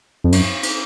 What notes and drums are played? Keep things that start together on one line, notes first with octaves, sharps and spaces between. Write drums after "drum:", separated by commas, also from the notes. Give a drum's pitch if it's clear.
F2
F#2, drum: cymbal
drum: cymbal